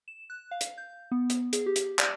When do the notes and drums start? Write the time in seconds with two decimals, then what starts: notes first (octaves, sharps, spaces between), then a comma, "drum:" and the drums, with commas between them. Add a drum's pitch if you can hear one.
0.08 E7
0.30 F#6
0.51 F5
0.61 drum: hi-hat
0.78 G6
1.12 B3
1.30 drum: hi-hat
1.53 G#4, drum: hi-hat
1.66 G4
1.76 drum: hi-hat
1.99 D5, drum: clap